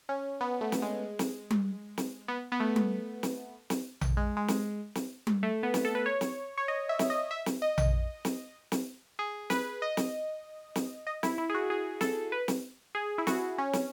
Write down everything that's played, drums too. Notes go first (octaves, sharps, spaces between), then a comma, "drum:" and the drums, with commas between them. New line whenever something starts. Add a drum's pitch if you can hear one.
C#4
B3
A3
drum: snare
G#3
drum: snare
drum: tom G3
drum: snare
B3
B3
A3
drum: tom G3
drum: snare
drum: snare
drum: tom A#1
G#3
G#3
drum: snare
drum: snare
drum: tom G3
A3
B3
drum: snare
A4
B4
C#5
drum: snare
C#5
D#5
E5
drum: snare
D#5
E5
drum: snare
D#5
drum: tom A#1
drum: snare
drum: snare
G#4
B4, drum: snare
D#5
drum: snare
drum: snare
D#5
E4, drum: snare
E4
G#4
F#4
G#4
A4, drum: snare
B4
drum: snare
G#4
E4
F#4, drum: snare
C#4
drum: snare